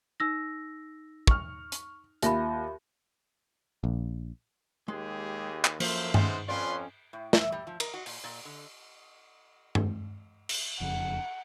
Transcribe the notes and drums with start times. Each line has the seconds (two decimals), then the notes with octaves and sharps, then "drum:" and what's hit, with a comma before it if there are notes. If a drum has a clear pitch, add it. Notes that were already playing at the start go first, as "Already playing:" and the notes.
0.20 D#4 E6 A#6
1.27 C#6 F6, drum: kick
1.72 drum: hi-hat
2.22 D#2 F4 E5 B5 A#6, drum: hi-hat
3.84 A#1
4.88 D#2 G#3 G4 G#4 C6
5.65 drum: clap
5.80 F#2 F3 A#3 A4 C5 E5 F5, drum: cymbal
6.14 G#2 B3 C#4 C5, drum: tom G2
6.48 F2 C#4 F4 B4 D5 G5 C6
7.13 A2
7.33 E5, drum: snare
7.52 G3
7.67 F3
7.80 A#4, drum: cymbal
7.94 F#4
8.06 A#2, drum: open hi-hat
8.24 A#2
8.45 D3
9.75 drum: tom G2
10.49 drum: cymbal
10.80 E1 F2 C#3 F#5